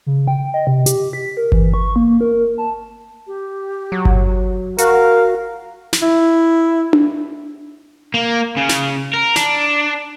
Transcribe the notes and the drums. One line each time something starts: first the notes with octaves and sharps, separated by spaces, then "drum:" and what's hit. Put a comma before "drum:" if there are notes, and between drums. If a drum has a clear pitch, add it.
C#3
G5
D#5
C3
G4, drum: hi-hat
B6
A#4
E3, drum: kick G1
C#6
A#3
A#4
A5
G4
F#3
drum: kick G1
F#4 A#4 F5, drum: hi-hat
drum: snare
E4
drum: tom D4
A#3
C#3
drum: snare
A#4
D4, drum: snare